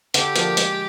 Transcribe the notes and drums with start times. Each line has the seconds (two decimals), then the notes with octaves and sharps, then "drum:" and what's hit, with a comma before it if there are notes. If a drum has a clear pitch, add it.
0.14 D3 G4, drum: hi-hat
0.36 F3 A#3 D4, drum: hi-hat
0.57 G#3, drum: hi-hat